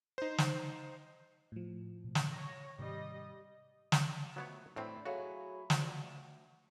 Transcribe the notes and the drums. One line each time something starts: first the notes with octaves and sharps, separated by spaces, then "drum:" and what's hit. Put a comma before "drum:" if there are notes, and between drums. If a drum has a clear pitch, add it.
D#4 C5
drum: snare
A2 F3
B2 A3
drum: snare
C#5 A#6
G#2 C3 D#3 G3 D#5
drum: snare
F2 D#3 F#3 A3 B3 C#5
A2 E3 A3 C4 D4
F#3 E4 F#4 G#4 A4 C#5 F5
F3 D4 G#4, drum: snare
D2